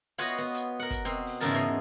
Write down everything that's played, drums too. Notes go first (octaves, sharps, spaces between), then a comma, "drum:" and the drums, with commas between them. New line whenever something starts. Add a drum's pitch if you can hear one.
B3 F4 F#4 C#5 D#5 F#5, drum: snare F4
B3
drum: hi-hat
A#4 F#5
drum: kick, hi-hat
B2 C4
drum: open hi-hat
E2 G#2 C#3 G#3 A#4 A5
B2